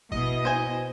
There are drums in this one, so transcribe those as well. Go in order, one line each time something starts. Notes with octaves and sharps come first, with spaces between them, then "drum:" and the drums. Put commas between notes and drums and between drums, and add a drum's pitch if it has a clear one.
B2 E4 D#5, drum: kick G1
C5 G#5